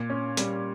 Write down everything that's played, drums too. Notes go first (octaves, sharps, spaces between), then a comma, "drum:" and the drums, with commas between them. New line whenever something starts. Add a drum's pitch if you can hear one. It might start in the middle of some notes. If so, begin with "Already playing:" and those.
Already playing: A#2
C#4
G3, drum: hi-hat